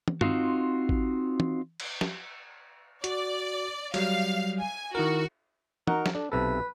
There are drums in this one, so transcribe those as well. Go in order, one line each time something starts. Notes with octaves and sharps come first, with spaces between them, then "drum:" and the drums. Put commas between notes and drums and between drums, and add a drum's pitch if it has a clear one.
drum: tom
C4 D#4 F4 F#4, drum: tom
drum: kick G#1
drum: tom
drum: cymbal
drum: snare
F#4 D5, drum: hi-hat
F#3 G3 F5, drum: cymbal
G#5
D#3 E4 F#4 A#4
D#4 F#4 A#4 F#5, drum: tom
drum: snare
D4 A4
B1 C3 A4 B4